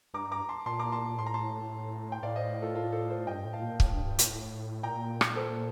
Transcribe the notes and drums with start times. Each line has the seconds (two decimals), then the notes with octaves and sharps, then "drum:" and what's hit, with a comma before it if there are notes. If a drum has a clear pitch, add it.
0.14 G2 A#5 D6
0.32 A#5 D6
0.49 A5 C6
0.66 A#2 A5 C6
0.79 A#5 D6
0.92 A5 C6
1.19 A2 C6
1.26 A#5
1.34 A5 C6
2.12 G5
2.23 A2 D5 F5
2.36 C5 D#5
2.62 F4 A4
2.75 F4 A4
2.92 A4 C5
3.10 A4 C5
3.27 G2 D#5 G5
3.45 A2
3.53 F5 A5
3.62 A#2
3.80 A2, drum: kick C#1
3.92 G2
4.05 G2
4.19 A2, drum: hi-hat
4.83 A#2 G5 A#5
5.21 drum: rim click
5.36 A4 C5